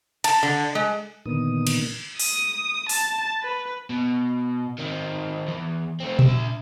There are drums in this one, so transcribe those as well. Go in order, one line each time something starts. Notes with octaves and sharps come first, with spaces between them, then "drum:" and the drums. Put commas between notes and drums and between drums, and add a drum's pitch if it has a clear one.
A5, drum: cymbal
D3
G#3
A#2 D3 D#3 A#3 B3 D#6
drum: cymbal
D#6, drum: open hi-hat
A5, drum: open hi-hat
B4
B2
D#3 C4
E2 E3
A3 C4
D4 E5, drum: tom A#2